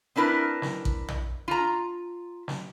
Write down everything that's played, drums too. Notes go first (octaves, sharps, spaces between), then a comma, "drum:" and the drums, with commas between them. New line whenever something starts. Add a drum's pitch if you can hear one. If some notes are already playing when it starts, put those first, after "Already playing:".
C4 D4 E4 A#4 B4
drum: snare
drum: kick A1
drum: tom A#1
F4 A#5
drum: snare